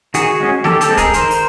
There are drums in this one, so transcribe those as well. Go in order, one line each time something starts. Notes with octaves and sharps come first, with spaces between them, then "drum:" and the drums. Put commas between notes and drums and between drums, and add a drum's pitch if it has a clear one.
D#3 F#4 G#4, drum: hi-hat
G#3 C#4
D#3 G4 A4, drum: snare
G4 A4, drum: hi-hat
G#3 C4
G#4 A#4, drum: kick, hi-hat
D#3 A#4 C5, drum: hi-hat
drum: open hi-hat